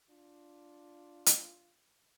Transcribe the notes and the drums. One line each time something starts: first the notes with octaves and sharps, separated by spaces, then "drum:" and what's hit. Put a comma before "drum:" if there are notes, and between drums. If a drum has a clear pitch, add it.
D4 F4
drum: hi-hat